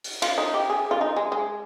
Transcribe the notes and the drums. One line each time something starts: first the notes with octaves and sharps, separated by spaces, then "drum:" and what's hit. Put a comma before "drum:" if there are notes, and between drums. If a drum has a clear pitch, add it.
drum: open hi-hat
F4, drum: cymbal
D#4
G4
G#4
F4
D#4
G#3
G#3